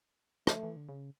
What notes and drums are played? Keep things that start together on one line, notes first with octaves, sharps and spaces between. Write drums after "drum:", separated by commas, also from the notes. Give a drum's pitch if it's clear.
A3, drum: rim click
E3
D3
C#3